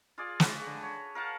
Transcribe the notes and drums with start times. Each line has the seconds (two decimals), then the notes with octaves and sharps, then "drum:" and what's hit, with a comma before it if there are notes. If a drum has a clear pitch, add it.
0.18 F4 G#4 D5
0.40 F#4 B4, drum: snare
0.66 D3
0.83 C#5
1.15 A#4 F5 F#5 A5